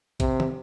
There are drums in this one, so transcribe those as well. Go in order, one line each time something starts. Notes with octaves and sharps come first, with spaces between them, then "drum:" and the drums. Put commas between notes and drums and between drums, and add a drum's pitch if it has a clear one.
C3, drum: kick, hi-hat
drum: tom